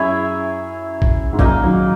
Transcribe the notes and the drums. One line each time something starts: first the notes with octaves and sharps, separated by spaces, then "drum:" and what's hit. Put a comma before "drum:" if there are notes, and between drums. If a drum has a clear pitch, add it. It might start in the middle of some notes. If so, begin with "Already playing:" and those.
Already playing: F#2 E4 G#4 C#5 E5
drum: kick
G#2
F#2 A#2 A#3 D#4 A#4 D#5, drum: kick
D#3 F#3